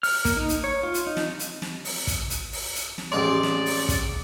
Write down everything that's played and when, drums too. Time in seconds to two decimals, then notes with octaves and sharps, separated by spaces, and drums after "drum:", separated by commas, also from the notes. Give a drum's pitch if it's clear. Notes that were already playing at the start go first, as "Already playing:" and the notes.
0.03 F6, drum: open hi-hat
0.25 A#3, drum: kick, hi-hat
0.36 D#4
0.49 drum: hi-hat
0.64 C#5
0.83 F4
0.94 drum: hi-hat
1.07 D#4
1.17 drum: snare
1.39 drum: hi-hat
1.62 drum: snare
1.85 drum: open hi-hat
2.07 drum: kick, hi-hat
2.30 drum: hi-hat
2.53 drum: open hi-hat
2.75 drum: hi-hat
2.98 drum: snare
3.12 A1 G#3 D5 C6
3.43 drum: snare
3.66 drum: open hi-hat
3.88 drum: kick, hi-hat